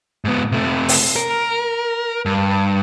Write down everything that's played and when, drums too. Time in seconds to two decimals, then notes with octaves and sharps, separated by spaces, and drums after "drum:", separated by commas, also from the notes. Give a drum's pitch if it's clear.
0.25 G#2 B3
0.52 C3 A3
0.89 drum: open hi-hat
1.16 A#4
2.25 G2